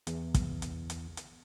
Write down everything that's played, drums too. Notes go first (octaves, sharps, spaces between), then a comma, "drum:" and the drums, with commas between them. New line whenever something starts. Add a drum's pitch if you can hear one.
E2, drum: hi-hat
drum: kick, hi-hat
drum: hi-hat
drum: hi-hat
drum: hi-hat